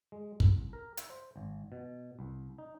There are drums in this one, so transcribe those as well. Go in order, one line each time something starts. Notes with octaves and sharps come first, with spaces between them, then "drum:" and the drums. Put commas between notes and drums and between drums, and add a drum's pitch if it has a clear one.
G#3
C2, drum: kick
A#4
E5, drum: hi-hat
C5
G#1
B2
C2
D#4